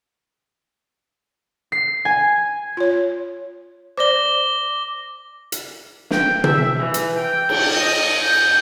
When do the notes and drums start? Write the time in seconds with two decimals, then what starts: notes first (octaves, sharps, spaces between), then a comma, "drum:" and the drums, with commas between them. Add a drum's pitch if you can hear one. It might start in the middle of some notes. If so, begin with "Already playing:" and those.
1.72 C7
2.05 G#5
2.77 F4 C#5
3.97 C5 D5 D6 A#6 G7
5.52 drum: hi-hat
6.10 G5, drum: snare
6.44 E5, drum: tom
6.79 E3
6.94 drum: hi-hat
7.17 G5
7.49 drum: cymbal
7.72 D#5
8.21 G6